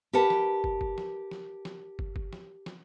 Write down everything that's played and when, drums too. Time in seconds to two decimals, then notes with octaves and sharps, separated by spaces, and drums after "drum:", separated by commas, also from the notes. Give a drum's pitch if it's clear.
0.13 G4 A#4 B4 F#5 A5
0.30 drum: snare
0.64 drum: kick
0.81 drum: kick
0.98 drum: snare
1.31 drum: snare
1.65 drum: snare
1.99 drum: kick
2.16 drum: kick
2.33 drum: snare
2.66 drum: snare